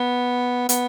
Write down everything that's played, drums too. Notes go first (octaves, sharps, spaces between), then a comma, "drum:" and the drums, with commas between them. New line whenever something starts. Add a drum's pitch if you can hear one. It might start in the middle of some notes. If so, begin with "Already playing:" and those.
Already playing: B3
B3, drum: hi-hat